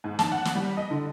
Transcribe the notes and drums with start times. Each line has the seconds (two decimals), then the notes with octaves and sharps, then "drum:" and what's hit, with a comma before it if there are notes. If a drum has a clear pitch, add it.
0.04 G#2
0.19 A5, drum: snare
0.32 F#5
0.45 drum: snare
0.55 G3
0.77 D#5
0.91 D3